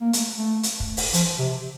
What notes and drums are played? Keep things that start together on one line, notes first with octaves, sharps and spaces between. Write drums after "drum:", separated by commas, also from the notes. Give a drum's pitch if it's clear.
A#3
A3, drum: hi-hat
A3
drum: hi-hat
drum: kick
drum: open hi-hat
F3, drum: hi-hat
C3